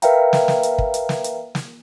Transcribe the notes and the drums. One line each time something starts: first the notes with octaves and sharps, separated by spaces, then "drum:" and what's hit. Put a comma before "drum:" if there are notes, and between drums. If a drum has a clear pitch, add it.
A#4 B4 E5 F5 G5 A#5, drum: hi-hat
drum: snare
drum: snare
drum: hi-hat
drum: kick
drum: hi-hat
drum: snare
drum: hi-hat
drum: snare